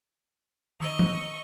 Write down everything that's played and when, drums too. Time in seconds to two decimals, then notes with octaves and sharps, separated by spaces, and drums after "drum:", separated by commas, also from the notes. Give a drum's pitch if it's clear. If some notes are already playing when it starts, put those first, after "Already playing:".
0.80 D#3 D#5 C#6 E6 F7
0.99 drum: tom